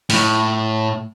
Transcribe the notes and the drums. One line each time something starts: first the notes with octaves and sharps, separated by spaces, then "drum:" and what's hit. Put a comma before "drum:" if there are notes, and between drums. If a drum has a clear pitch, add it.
A2, drum: open hi-hat